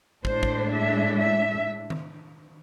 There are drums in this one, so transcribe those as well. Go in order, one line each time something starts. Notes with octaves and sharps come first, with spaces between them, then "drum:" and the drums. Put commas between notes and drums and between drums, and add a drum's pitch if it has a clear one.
A2 G#3 D4 C5, drum: kick
drum: kick
E5
E5
drum: tom D#3